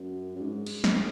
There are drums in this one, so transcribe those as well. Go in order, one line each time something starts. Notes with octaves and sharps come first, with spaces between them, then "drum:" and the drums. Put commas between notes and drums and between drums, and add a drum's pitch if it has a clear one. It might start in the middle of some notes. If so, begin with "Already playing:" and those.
Already playing: F#2
F#2
G#2
drum: cymbal
drum: snare